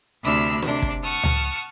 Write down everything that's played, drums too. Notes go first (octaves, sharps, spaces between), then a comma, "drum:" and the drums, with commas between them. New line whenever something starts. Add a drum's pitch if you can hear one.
D2 C3 D4 B5 E6 F6
C3 D4, drum: snare
drum: kick
F#5 A5 C#6 D#6 F6
drum: tom C#2